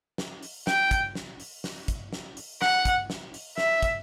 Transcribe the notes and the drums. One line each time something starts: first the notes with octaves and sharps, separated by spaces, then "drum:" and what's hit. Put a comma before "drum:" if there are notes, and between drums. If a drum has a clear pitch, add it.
drum: snare
drum: open hi-hat
G5, drum: snare
drum: kick, hi-hat
drum: snare
drum: open hi-hat
drum: snare
drum: kick, hi-hat
drum: snare
drum: open hi-hat
F#5, drum: snare
drum: kick, hi-hat
drum: snare
drum: open hi-hat
E5, drum: snare
drum: kick, hi-hat